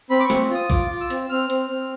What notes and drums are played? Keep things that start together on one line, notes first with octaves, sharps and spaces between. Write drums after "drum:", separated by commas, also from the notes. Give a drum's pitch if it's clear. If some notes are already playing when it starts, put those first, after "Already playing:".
C4 B5
D6
C#6
C4, drum: snare
F4 D#6
F4 D6, drum: kick B1, hi-hat
F4
E6
C4, drum: hi-hat
C4 F6
C4, drum: hi-hat
C4